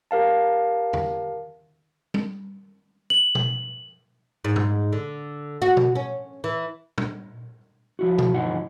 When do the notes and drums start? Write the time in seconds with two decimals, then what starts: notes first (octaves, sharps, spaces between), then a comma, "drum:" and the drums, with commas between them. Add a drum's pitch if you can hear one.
0.11 G4 A#4 F5 A5
0.93 drum: tom E2
2.14 drum: tom G3
3.10 F#7
3.35 drum: tom B2
4.45 G#2
4.56 drum: tom
4.93 D3
5.62 F#4
5.77 drum: tom B2
5.95 C#4
6.44 E3
6.98 drum: tom
7.99 F3 E4 F#4
8.18 drum: tom B2
8.33 D2 G2 E3 F3 D#4 F#5